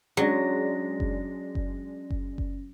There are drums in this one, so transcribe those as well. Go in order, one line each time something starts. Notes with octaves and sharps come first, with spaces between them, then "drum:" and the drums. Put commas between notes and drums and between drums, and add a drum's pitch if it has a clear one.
F#3 G#3 C#4 D4 A#6
drum: kick F#1
drum: kick F#1
drum: kick F#1
drum: kick F#1